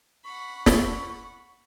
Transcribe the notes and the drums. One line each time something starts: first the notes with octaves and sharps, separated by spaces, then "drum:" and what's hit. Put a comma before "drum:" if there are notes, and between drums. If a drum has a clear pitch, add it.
F#5 B5 C#6
drum: snare